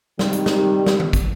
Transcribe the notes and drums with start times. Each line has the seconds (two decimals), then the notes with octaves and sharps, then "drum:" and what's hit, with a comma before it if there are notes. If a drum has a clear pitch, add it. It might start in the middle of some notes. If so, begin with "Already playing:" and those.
0.19 C3 D#3 G3, drum: snare
0.33 drum: hi-hat
0.46 drum: snare
0.86 drum: snare
1.00 drum: tom D#3
1.13 drum: kick, hi-hat